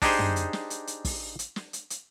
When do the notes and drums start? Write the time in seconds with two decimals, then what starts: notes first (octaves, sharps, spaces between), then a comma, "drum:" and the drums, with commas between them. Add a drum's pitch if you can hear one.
0.02 D4 D#4 G4 G#4 C5, drum: kick, open hi-hat
0.19 drum: tom
0.36 drum: hi-hat
0.53 drum: snare
0.70 drum: hi-hat
0.87 drum: hi-hat
1.05 drum: kick, open hi-hat
1.39 drum: hi-hat
1.56 drum: snare
1.73 drum: hi-hat
1.90 drum: hi-hat